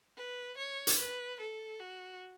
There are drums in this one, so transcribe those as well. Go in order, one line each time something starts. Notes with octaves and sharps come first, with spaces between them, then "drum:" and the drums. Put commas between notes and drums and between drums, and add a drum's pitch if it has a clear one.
B4
C#5
drum: hi-hat
B4
A4
F#4